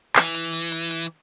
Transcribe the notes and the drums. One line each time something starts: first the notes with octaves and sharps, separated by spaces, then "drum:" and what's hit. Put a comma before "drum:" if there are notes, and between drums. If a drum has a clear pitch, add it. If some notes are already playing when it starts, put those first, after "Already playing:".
E3, drum: clap
drum: hi-hat
drum: open hi-hat
drum: hi-hat
drum: hi-hat